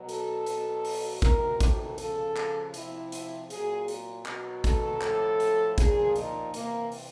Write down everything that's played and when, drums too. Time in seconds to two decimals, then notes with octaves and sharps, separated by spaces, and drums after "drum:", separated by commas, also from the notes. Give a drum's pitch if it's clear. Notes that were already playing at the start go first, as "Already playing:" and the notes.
Already playing: B2 F#3
0.09 A4, drum: hi-hat
0.46 B2 F#3, drum: hi-hat
0.85 drum: open hi-hat
1.22 C3 D#3 F#3 A#4, drum: kick, hi-hat
1.61 A4, drum: kick, hi-hat
1.98 C#3 F3 A4, drum: hi-hat
2.36 drum: clap
2.74 C3 F3 E4, drum: hi-hat
3.12 drum: hi-hat
3.50 A#2 F#3 G#4, drum: hi-hat
3.88 drum: hi-hat
4.26 B2 F#3, drum: clap
4.64 A4, drum: kick, hi-hat
5.01 A2 F3 A4, drum: clap
5.40 drum: hi-hat
5.78 A#2 F3 G#4, drum: kick, hi-hat
6.16 D#4, drum: hi-hat
6.54 C3 E3 A#3, drum: hi-hat
6.92 drum: open hi-hat